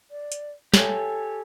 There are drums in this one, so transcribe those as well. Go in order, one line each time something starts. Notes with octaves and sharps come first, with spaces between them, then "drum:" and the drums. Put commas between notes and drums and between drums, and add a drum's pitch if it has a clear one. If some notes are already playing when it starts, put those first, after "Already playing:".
D5
drum: hi-hat
G4 A4 C#5 G#5, drum: snare